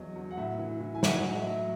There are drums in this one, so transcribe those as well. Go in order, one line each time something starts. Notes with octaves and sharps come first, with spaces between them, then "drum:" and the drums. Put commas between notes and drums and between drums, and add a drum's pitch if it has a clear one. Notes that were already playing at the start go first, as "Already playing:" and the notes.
Already playing: E2 F#3 D#5
F#3
F#5
A2 E5
E3
E3
G#5
F#3 F#5, drum: snare
A2 D#5
E5
F#3